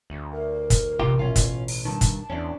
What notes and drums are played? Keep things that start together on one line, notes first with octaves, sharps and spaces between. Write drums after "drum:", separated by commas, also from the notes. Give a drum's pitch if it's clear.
D2
A#4
drum: kick, hi-hat
A1 C3 A#3 F4 G4
B2 B3 C#4 F4
drum: kick, hi-hat
drum: open hi-hat
G2 D#3 A5
drum: kick, hi-hat
E2 C#4 D4